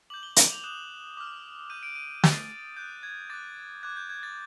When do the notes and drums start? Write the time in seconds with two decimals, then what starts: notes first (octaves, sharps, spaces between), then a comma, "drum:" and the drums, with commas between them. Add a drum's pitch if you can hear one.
0.10 D6 G6 F#7
0.23 G7
0.36 F#7, drum: hi-hat
0.51 F7
0.64 D#6 F#6 E7
1.17 D6 F6
1.70 D6 G6 D#7
1.83 D7
1.95 D#7
2.24 D#6 G6 A6, drum: snare
2.76 D#6 F#6 G6
3.03 G#6
3.30 D6 F#6 A6
3.83 D6 F#6 G#6
3.97 G6
4.10 G#6
4.23 A6